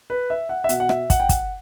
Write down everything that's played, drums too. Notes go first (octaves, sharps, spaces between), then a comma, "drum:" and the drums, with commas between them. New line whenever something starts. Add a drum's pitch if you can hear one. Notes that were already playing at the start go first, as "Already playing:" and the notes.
B4
E5
F#5
E5
B2 F#5, drum: hi-hat
F#5
E5, drum: rim click
F#5, drum: kick, hi-hat
G5
F#5, drum: kick, hi-hat